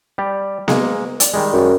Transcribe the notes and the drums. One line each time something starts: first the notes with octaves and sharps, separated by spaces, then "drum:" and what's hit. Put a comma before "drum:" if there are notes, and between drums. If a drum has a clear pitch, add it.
G3 G4 D5
G#3 A#3, drum: snare B3
D5, drum: hi-hat
D#3 G3 G#3
F#2